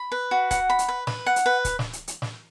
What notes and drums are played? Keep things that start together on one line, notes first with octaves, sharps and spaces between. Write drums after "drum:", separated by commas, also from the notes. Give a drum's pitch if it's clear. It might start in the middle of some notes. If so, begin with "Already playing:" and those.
Already playing: B5
B4
F#4
F#5, drum: kick, hi-hat
B5
drum: hi-hat
B4
B4, drum: snare
F#5
drum: hi-hat
B4
drum: kick, hi-hat
drum: snare
drum: hi-hat
drum: hi-hat
drum: snare